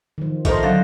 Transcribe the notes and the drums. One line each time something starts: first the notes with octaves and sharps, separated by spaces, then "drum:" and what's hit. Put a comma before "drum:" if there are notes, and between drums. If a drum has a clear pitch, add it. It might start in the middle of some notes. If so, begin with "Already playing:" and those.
D#3 F3
F3 A3 A#4 C5 D#5, drum: kick, hi-hat
D3 F#3 F5